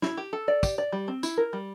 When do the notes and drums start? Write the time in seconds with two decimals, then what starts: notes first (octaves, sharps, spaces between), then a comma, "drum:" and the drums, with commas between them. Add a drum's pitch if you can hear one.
0.02 E4, drum: snare
0.17 G4
0.33 A4
0.48 D5
0.63 G4, drum: kick, tambourine
0.78 D5
0.92 G3
1.08 C4
1.23 E4, drum: tambourine
1.38 A#4
1.53 G3